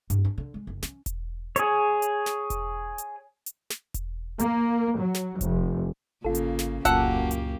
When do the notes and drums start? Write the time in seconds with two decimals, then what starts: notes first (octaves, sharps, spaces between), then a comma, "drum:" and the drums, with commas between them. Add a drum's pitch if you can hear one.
0.10 G2, drum: hi-hat
0.25 D4
0.38 D3
0.54 G#3
0.67 F#1
0.83 C#4, drum: snare
1.06 drum: kick E1, hi-hat
1.56 G#4 C#5, drum: hi-hat
2.02 drum: hi-hat
2.26 drum: snare
2.50 drum: kick E1, hi-hat
2.98 drum: hi-hat
3.46 drum: hi-hat
3.70 drum: snare
3.94 drum: kick E1, hi-hat
4.39 A#3, drum: hi-hat
4.99 F#3
5.14 drum: snare
5.41 F1, drum: kick E1, hi-hat
6.24 G#1 C#3 A#3 F4 A4
6.35 drum: hi-hat
6.59 drum: snare
6.85 C#2 F#2 A#2 A#3 F4 G4 A4 F#5, drum: kick E1, hi-hat
7.31 drum: hi-hat